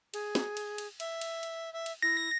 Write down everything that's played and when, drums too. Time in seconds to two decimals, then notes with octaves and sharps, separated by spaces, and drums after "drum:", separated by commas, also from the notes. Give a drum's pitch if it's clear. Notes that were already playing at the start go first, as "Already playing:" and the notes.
0.14 G#4, drum: cymbal
0.35 drum: snare
0.57 drum: cymbal
0.78 drum: cymbal
1.00 E5, drum: cymbal
1.21 drum: cymbal
1.43 drum: cymbal
1.73 E5
1.86 drum: cymbal
2.02 E4 A#6